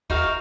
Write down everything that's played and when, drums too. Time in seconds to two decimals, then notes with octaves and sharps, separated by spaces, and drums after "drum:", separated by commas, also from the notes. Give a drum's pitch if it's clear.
0.10 D#4 F#4 A#4 F5, drum: kick